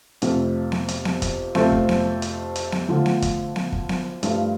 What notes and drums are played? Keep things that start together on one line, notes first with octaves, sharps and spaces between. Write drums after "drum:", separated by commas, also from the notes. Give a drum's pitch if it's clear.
F2 C3 F3 A3, drum: hi-hat
drum: snare B3
drum: hi-hat
drum: snare B3
drum: kick, hi-hat
F2 C3 A3 C4 F4, drum: snare B3
drum: kick
drum: snare B3
drum: hi-hat
drum: hi-hat
drum: snare B3
D3 F3 A3 F4
drum: snare B3
drum: kick, hi-hat
drum: snare B3
drum: kick
drum: snare B3
G2 F3 A3 F4, drum: hi-hat